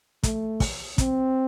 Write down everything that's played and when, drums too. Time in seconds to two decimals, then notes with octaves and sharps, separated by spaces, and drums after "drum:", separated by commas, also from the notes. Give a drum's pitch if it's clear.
0.23 A3, drum: kick, hi-hat
0.60 drum: kick, open hi-hat
0.98 C4, drum: kick, hi-hat